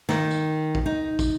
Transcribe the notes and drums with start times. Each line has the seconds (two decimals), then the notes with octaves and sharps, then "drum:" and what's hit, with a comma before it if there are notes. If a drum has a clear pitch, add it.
0.09 D#3, drum: snare
0.31 drum: tambourine
0.75 drum: kick
0.86 D#4
1.19 drum: kick, tambourine